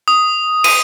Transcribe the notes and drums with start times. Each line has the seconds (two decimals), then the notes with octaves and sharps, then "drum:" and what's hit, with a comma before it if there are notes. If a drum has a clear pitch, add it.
0.08 D#6
0.64 D#7, drum: cymbal